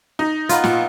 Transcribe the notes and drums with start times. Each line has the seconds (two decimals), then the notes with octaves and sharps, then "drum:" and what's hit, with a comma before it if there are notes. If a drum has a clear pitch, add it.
0.19 D#4
0.49 B3 D#4 F4, drum: hi-hat
0.64 A#2, drum: snare